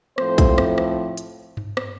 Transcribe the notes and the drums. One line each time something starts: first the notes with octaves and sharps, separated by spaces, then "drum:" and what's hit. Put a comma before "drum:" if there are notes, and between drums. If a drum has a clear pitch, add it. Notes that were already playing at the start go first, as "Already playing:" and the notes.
A2 F3 A3 C4 C5, drum: rim click
drum: kick A#1, hi-hat
drum: rim click
drum: rim click
drum: hi-hat
drum: tom G2
drum: rim click